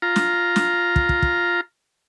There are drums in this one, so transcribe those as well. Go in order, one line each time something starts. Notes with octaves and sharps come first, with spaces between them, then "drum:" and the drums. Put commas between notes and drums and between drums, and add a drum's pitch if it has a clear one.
F4 A#5
drum: snare
drum: snare
drum: kick
drum: kick
drum: kick